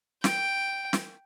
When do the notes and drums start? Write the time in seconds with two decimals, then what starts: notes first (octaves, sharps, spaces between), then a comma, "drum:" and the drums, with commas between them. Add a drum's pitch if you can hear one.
0.24 G5, drum: snare
0.93 drum: snare